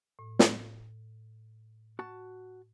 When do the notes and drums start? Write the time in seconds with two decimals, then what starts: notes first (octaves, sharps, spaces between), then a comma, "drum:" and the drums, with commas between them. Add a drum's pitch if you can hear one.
0.19 A2
0.39 drum: snare
1.99 F#4 A5